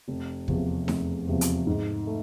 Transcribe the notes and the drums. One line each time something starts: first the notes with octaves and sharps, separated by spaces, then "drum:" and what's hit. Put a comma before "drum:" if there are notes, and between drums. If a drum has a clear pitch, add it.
F1
E2 C3 F3, drum: kick
F1, drum: snare D#4
E2 C3 F3
drum: hi-hat
G#2
A3